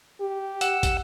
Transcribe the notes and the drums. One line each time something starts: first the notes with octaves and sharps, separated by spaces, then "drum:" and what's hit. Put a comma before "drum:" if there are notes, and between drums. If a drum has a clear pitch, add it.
G4
F#5 E6, drum: hi-hat
drum: kick, hi-hat